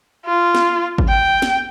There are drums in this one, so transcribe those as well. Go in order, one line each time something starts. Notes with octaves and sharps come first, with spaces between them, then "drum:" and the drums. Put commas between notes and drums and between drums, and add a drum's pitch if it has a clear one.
F4
drum: snare
drum: kick
G5
drum: snare